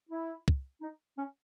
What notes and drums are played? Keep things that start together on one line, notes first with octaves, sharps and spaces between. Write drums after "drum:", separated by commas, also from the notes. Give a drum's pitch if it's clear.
E4
drum: kick
D#4
C#4